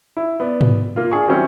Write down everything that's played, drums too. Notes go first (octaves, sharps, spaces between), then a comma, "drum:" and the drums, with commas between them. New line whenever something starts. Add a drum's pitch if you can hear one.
E4
B3 D5
drum: tom G#2
A#3 F4
D4 G#4 C#6
D#3 F#3 G3 C4 C#4 E4